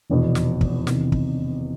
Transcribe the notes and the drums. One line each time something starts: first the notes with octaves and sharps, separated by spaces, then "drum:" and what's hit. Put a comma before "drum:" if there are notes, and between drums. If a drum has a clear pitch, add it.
F1 E2 B2
drum: snare
drum: kick
E2 C3 D#3, drum: snare
drum: kick